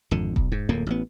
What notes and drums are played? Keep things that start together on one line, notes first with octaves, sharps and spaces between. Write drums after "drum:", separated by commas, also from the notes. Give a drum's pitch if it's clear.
G#1 F2 D3
B1, drum: kick E1
G#2
D1 F2 A2 A#3
A1 B3